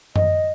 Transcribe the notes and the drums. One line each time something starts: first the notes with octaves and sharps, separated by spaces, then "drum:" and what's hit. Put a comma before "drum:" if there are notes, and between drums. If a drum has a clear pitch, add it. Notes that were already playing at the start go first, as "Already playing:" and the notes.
D#5, drum: tom F#2